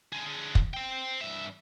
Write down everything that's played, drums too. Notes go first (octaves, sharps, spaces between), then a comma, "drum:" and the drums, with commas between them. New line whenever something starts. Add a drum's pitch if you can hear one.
D3 G#4
drum: kick
C5 G5
G2 E5